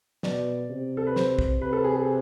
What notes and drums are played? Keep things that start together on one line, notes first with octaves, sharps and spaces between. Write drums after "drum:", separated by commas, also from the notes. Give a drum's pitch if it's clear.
B2 D5, drum: snare
C3
A4
B4
C5, drum: snare
drum: kick
C3 B4
A4
G#4
G#4